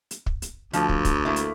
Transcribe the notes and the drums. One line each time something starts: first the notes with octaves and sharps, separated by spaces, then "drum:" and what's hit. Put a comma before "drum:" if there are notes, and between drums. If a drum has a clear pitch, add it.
drum: hi-hat
drum: kick
drum: hi-hat
D2 F3, drum: hi-hat
drum: kick
drum: kick, hi-hat
A3 A#3 E4
drum: hi-hat